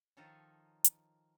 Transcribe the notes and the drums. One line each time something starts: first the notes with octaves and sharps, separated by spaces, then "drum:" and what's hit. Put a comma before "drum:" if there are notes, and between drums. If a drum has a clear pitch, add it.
D#3 F3 D#4 F4 A4 C#5
drum: hi-hat